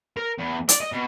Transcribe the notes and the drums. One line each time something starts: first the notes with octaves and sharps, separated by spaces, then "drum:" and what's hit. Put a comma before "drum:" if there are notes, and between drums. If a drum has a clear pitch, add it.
A#4
E2
D5, drum: hi-hat
D#5
B2